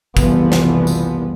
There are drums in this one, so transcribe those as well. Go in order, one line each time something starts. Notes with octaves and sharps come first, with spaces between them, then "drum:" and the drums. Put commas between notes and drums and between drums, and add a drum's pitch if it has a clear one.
F#1 C2 E3 F3 B3, drum: kick, tambourine
drum: snare
drum: tambourine